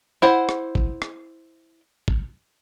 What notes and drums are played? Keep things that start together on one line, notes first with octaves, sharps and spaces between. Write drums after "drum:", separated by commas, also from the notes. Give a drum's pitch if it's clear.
E4 C5 F#5
drum: rim click
drum: kick
drum: rim click
drum: kick